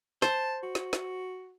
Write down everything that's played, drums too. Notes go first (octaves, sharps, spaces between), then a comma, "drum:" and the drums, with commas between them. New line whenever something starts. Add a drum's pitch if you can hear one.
C5 A5, drum: snare
F#4
drum: snare
drum: snare